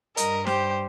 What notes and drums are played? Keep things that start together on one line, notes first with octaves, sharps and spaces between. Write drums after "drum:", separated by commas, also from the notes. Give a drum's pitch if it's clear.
G2 G3 A#4 D#5, drum: hi-hat
G4 C5, drum: snare